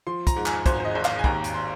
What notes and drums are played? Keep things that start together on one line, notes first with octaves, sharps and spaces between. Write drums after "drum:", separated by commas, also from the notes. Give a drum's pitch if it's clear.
F3 C6
A#5, drum: kick, hi-hat
G#2
G#5, drum: clap
G#1 C5, drum: kick, hi-hat
C5
D#5
G#1
F5, drum: clap
G#5
D#2 A#5, drum: kick
drum: hi-hat
C6